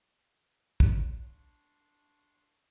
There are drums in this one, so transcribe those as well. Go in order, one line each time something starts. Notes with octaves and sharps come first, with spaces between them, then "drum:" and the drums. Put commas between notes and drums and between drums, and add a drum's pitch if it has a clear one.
D4 C6 C#6, drum: kick